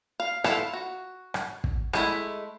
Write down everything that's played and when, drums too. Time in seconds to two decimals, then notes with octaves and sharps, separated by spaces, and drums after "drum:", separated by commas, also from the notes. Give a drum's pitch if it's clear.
0.20 F5
0.44 E4 F4 A4 B4 F5, drum: rim click
0.73 F#4
1.34 drum: rim click
1.64 drum: kick
1.93 G#3 A3 E4, drum: rim click